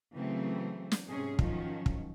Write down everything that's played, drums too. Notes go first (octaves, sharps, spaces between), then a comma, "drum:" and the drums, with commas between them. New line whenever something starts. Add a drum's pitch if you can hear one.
C#3 E3 F#3 A3 C4
drum: snare
G#2 C3 C#4 G#4
D#3 F3 F#3 C#4, drum: kick
drum: kick